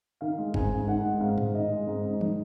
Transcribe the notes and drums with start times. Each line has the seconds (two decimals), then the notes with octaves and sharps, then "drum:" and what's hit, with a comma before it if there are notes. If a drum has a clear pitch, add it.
0.21 D#3 F5
0.38 G#3
0.54 G#2 G#5, drum: kick
0.71 G#2
0.87 D#3 F#5
1.05 G#3
1.21 G#2 F5
1.38 G#2, drum: tom G#2
1.54 D#3 D#5
1.71 G#3
1.87 G#2
2.05 G#2
2.21 D#3, drum: tom